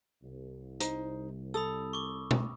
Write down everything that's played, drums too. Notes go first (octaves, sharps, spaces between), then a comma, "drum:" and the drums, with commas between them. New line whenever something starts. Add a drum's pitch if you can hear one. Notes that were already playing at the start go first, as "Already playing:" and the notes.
C2
D#4 C5, drum: hi-hat
A4 B5 D#6 E6
C#6 D6
drum: tom